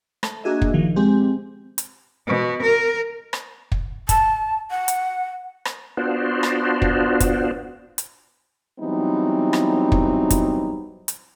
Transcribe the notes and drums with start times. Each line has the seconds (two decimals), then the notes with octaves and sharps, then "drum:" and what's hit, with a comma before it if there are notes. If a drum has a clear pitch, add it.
0.23 A3, drum: rim click
0.44 A#3 D4 F#4 G#4 D#5 E5
0.62 drum: kick
0.73 A#2 D#3 F3
0.96 G#3 C4 G4
1.78 drum: hi-hat
2.27 B2
2.62 A#4
3.33 drum: rim click
3.72 drum: kick
4.09 A5, drum: kick, hi-hat
4.71 F#5
4.88 drum: hi-hat
5.65 drum: rim click
5.97 B3 D4 F4 F#4 C5
6.43 drum: rim click
6.82 drum: kick
7.20 drum: kick, hi-hat
7.98 drum: hi-hat
8.80 E3 F#3 G3 B3 C4 D#4
9.53 drum: rim click
9.92 drum: kick
10.30 drum: kick, hi-hat
11.08 drum: hi-hat